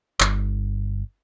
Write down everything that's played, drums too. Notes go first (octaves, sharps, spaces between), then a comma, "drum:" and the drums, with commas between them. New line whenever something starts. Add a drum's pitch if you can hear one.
G1, drum: clap